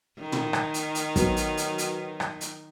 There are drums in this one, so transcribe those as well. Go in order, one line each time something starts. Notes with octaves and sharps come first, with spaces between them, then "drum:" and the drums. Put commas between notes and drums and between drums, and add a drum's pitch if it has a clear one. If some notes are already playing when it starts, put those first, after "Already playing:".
D#3
drum: tom
drum: rim click
drum: hi-hat
drum: hi-hat
F#3 B3, drum: kick, hi-hat
drum: hi-hat
drum: hi-hat
drum: hi-hat
drum: rim click
drum: hi-hat